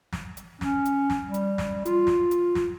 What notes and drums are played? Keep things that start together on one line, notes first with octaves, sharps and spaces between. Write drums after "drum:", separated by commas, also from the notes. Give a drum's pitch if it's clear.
drum: snare
drum: hi-hat
C#4, drum: snare
drum: hi-hat
drum: snare
G3
drum: hi-hat
drum: snare
F4, drum: hi-hat
drum: snare
drum: hi-hat
drum: snare